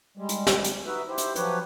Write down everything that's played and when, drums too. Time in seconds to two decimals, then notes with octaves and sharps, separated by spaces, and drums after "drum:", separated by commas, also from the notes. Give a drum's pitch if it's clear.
0.17 G3 G#3
0.29 drum: hi-hat
0.47 drum: snare
0.64 drum: hi-hat
0.86 D#4 F#4 B4 E5
1.08 E4 G4 C5
1.18 drum: hi-hat
1.35 F3 F#3 G4 B4 C#5, drum: hi-hat